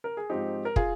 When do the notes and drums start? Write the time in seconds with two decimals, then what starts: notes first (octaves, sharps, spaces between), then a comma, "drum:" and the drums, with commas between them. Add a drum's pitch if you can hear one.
0.04 A#4
0.17 G#4
0.30 G#2 F3 C4 D#4 G4
0.65 A#4
0.76 F4 G#4, drum: kick